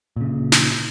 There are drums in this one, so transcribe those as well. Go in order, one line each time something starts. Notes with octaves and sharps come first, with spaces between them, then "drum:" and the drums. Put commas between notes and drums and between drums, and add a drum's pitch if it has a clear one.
A#2 C#3
drum: snare